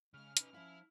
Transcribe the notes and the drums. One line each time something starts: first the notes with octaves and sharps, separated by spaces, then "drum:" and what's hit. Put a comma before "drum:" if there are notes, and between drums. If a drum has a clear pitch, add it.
C#3 G#3 F6
C#4 D#4 B4, drum: hi-hat
F3 C#4 E4 F5